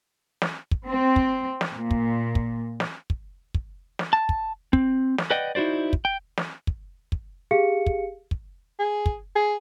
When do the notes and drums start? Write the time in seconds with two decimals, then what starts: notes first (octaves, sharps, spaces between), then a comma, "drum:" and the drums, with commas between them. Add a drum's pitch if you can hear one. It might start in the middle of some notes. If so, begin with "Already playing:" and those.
0.42 drum: snare
0.71 drum: kick
0.86 C4
1.16 drum: kick
1.61 drum: snare
1.75 A#2
1.91 drum: kick
2.35 drum: kick
2.80 drum: snare
3.10 drum: kick
3.54 drum: kick
3.99 drum: snare
4.13 A5
4.29 drum: kick
4.73 C4, drum: kick
5.18 drum: snare
5.31 B4 D5 D#5 F#5 G5
5.55 D#4 E4 F#4 C5 D5
5.93 drum: kick
6.05 G5
6.38 drum: snare
6.67 drum: kick
7.12 drum: kick
7.51 G4 G#4 F5 C#7
7.86 drum: kick
8.31 drum: kick
8.79 G#4
9.06 drum: kick
9.36 G#4